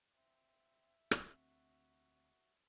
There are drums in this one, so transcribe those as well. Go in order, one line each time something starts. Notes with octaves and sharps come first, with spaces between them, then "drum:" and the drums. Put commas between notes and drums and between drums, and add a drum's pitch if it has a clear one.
C4 E5
drum: rim click
D2 C4 F#4